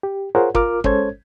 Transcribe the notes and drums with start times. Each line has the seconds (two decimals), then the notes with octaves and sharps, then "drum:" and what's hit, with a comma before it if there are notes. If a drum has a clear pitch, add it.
0.03 G4
0.35 F4 G#4 A#4 C5 C#5 F#5
0.55 F4 A#4 D6 F6, drum: kick
0.84 G#3 C#4 A4 C5 C#5 G#6, drum: kick